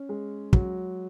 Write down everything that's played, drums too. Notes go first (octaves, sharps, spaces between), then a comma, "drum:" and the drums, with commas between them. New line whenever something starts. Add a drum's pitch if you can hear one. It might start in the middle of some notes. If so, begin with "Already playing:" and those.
Already playing: C#4
G#3
F#3, drum: kick